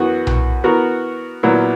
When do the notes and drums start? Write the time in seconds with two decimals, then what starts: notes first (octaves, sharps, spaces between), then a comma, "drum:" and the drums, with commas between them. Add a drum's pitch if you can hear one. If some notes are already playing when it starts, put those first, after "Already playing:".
Already playing: F#2 E3 B3 F#4
0.27 drum: tom B1
0.64 E3 B3 F#4 A#4
1.43 A#2 F#3 B3 E4 A#4